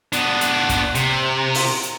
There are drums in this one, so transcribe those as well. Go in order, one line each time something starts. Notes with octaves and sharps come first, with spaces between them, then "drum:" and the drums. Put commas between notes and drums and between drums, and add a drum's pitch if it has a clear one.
B3 D4, drum: hi-hat
drum: hi-hat
drum: kick, hi-hat
C3, drum: hi-hat
drum: open hi-hat
drum: hi-hat